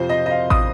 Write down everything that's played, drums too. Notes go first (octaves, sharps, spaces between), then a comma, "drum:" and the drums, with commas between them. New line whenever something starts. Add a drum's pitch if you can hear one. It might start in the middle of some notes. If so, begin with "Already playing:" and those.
Already playing: F2 C3 F3 C5
D#5
D#5
F5
D#6, drum: kick